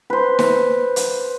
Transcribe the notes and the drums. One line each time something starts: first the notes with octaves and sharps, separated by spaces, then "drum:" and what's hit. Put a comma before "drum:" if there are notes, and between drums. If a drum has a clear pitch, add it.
B4 C5
drum: snare
drum: hi-hat